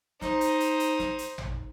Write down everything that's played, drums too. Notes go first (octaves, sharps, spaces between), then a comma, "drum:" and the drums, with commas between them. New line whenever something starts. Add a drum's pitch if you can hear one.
D#4 C5, drum: snare
drum: hi-hat
drum: hi-hat
drum: hi-hat
drum: snare
drum: hi-hat
drum: tom